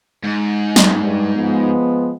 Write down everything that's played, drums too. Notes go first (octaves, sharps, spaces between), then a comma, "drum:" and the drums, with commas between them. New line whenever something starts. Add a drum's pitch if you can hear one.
G#2
drum: snare
G2
F3 G#3 B3